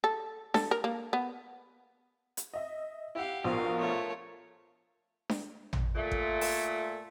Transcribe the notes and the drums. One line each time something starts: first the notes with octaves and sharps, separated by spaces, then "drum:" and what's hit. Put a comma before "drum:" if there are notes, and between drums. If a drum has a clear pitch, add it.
A4
A4, drum: snare D4
A#4
A#3
B3
drum: hi-hat
D#5 E5
E4 G4 F5 F#5
A#1 B2 F4 A#4 C5 F5
A3 C#5
drum: snare D4
drum: tom
A#2 A3
drum: kick G#1
drum: open hi-hat